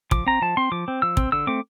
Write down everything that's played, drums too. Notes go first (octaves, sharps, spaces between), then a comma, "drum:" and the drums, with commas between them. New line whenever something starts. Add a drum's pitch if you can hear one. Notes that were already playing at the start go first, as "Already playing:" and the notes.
F3 D6, drum: kick
C4 A#5
F3 A5
C4 C6
F3 D6
C4
F3 E6
C4, drum: kick
D3 E6
A3 C4 D6